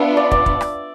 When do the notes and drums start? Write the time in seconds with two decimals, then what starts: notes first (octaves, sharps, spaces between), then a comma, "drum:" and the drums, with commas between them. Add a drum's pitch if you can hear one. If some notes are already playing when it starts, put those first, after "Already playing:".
Already playing: B3 D4 F4 E5
0.17 D5
0.31 D5, drum: kick
0.46 drum: kick
0.61 drum: rim click